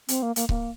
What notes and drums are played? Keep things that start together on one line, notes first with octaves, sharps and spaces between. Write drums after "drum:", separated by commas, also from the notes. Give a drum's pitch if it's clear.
C4, drum: hi-hat
A#3
A#3, drum: hi-hat
A#3, drum: kick C#1